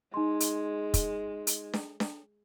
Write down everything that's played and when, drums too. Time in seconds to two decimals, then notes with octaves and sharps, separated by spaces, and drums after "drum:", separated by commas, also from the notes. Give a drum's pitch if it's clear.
0.14 G#3 D#4 C6
0.40 drum: hi-hat
0.94 drum: kick, hi-hat
1.47 drum: hi-hat
1.73 drum: snare D4
2.00 drum: snare D4